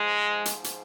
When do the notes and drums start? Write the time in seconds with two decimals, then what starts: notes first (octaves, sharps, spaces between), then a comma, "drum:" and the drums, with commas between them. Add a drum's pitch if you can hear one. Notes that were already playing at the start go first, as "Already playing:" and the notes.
Already playing: G#2 F3 G#3
0.45 drum: hi-hat
0.64 drum: hi-hat